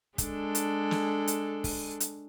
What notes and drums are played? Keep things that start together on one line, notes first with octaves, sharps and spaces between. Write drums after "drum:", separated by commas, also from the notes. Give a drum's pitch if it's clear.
G#3 D4 A4, drum: kick, hi-hat
drum: hi-hat
drum: snare
drum: hi-hat
drum: kick, open hi-hat
drum: hi-hat